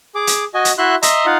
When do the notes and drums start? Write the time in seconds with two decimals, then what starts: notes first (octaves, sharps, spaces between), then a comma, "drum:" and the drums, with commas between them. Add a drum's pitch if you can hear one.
0.15 G#4 D6
0.27 drum: hi-hat
0.54 F#4 D#5 G#5
0.65 drum: hi-hat
0.78 E4 F#4 E5 C6 F#6
1.02 D#5 E5 A#5 C6, drum: hi-hat
1.26 D#4 F4 F5 F#5